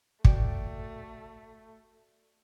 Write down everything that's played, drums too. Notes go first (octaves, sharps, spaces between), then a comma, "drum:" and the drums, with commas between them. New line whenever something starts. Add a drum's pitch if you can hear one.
A3 F#4 D5 G5, drum: kick